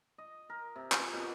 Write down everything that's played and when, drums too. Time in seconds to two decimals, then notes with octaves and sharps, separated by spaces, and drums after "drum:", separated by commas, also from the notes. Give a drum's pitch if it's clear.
0.18 D#5
0.50 A#4
0.76 C3
0.92 F4, drum: clap
1.13 B2